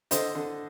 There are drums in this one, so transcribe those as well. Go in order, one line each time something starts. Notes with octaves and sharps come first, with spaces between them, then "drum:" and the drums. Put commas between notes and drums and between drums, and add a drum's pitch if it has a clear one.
D3 C5 D#5, drum: hi-hat
D3